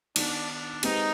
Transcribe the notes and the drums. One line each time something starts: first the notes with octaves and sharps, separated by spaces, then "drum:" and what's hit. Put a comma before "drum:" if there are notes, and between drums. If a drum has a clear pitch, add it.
D#3 B3 D4 D#4, drum: cymbal
D4
G#3 C4 D#4 G4 B4, drum: cymbal